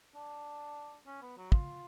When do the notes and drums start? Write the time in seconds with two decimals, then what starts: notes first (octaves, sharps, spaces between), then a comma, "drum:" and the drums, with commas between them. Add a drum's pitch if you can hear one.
0.15 D4
1.07 C#4
1.22 B3
1.37 F#3
1.52 F4, drum: kick